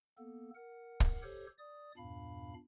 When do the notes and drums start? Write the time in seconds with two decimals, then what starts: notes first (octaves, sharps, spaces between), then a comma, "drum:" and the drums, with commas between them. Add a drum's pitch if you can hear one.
0.18 A#3 B3 A4
0.55 A#4 F#5
1.00 drum: kick
1.22 G4 A4 C5 C#5
1.59 D5 D#6
1.97 E2 G2 A#2 D4 F5 B5